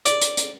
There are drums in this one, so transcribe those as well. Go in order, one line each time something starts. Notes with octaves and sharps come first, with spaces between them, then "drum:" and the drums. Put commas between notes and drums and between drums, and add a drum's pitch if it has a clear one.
D5, drum: hi-hat
drum: hi-hat
drum: hi-hat